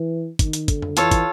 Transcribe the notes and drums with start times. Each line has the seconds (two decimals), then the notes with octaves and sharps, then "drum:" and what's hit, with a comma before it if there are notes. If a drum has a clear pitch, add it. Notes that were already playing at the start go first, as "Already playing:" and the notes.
Already playing: E3
0.39 D#3, drum: kick, hi-hat
0.53 drum: hi-hat
0.68 D3, drum: kick, hi-hat
0.82 drum: tom F2
0.97 E3 F4 A4 C#5, drum: hi-hat
1.11 drum: kick, hi-hat